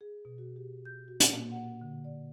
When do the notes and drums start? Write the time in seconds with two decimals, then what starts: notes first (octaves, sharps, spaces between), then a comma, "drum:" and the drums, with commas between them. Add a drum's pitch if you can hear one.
0.01 G#4
0.25 B2
0.38 F#4
0.56 G4
0.85 G6
1.08 F#4
1.20 A#2, drum: hi-hat
1.34 A#3
1.51 F#5
1.81 D3
2.05 D5